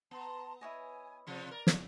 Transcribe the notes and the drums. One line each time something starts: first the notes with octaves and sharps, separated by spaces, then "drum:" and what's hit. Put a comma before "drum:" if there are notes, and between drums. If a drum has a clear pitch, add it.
B3 A5 A#5 C6
E4 C#5 D#5 G#5
C3 F3 C4 D5
A#4
drum: snare